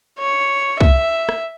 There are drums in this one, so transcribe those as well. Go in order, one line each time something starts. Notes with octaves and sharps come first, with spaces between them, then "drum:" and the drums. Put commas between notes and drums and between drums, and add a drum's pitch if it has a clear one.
C#5
E5, drum: kick
drum: rim click